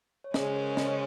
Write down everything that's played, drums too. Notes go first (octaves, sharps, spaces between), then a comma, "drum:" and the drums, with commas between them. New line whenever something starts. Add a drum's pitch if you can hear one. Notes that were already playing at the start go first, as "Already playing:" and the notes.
C#5
C#3 G#3 C#4 G#4 C5, drum: snare
A#4 C#5
C#5
C5 D#5, drum: snare